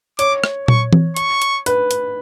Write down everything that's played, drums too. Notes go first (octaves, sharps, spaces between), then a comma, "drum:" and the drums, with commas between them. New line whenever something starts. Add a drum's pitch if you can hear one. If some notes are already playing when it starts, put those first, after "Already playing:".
C#5 D6, drum: hi-hat
drum: rim click
C#6, drum: tom A#2
drum: tom E3
C#6, drum: hi-hat
drum: hi-hat
B4, drum: hi-hat
drum: hi-hat